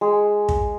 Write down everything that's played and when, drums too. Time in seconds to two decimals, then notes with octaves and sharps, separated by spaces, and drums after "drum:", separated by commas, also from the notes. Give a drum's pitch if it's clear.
0.01 G#3
0.49 drum: kick